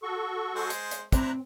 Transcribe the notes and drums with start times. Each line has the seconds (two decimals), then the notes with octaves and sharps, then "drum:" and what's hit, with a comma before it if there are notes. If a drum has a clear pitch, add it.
0.03 F#4 A4 C#6
0.56 G#3 G#4 C5
0.70 drum: hi-hat
0.91 drum: hi-hat
1.12 C4 D4 E4 C5 A#5 F#6, drum: kick, hi-hat